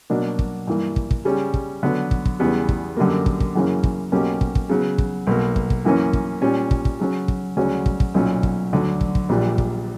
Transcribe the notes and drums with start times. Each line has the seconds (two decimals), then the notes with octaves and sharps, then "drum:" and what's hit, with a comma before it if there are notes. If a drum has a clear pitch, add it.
0.10 B2 F#3 A#3 D4
0.39 drum: kick
0.67 G2 E3 A#3
0.96 drum: kick
1.11 drum: kick
1.25 C#3 G3 C#4
1.54 drum: kick
1.83 D3 F#3 B3
2.11 drum: kick
2.25 drum: kick
2.40 E2 C#3 G3 B3
2.69 drum: kick
2.97 F#2 D3 G3 A#3
3.26 drum: kick
3.40 drum: kick
3.55 F#2 C#3 E3 A#3 C#4
3.83 drum: kick
4.12 B1 B2 A#3 C#4 G4
4.41 drum: kick
4.55 drum: kick
4.69 C#3 F#3 B3
4.98 drum: kick
5.27 B1 B2 A#3
5.56 drum: kick
5.70 drum: kick
5.85 F#2 E3 A#3 C#4
6.13 drum: kick
6.41 A#2 G3 C#4
6.71 drum: kick
6.85 drum: kick
6.99 C#3 F#3 C#4
7.28 drum: kick
7.57 D2 C#3 F#3 C#4 F#4
7.86 drum: kick
8.00 drum: kick
8.14 B1 A#2 F#3 C#4
8.43 drum: kick
8.72 D2 D3 F#3
9.01 drum: kick
9.15 drum: kick
9.29 A#1 A#2 G3
9.58 drum: kick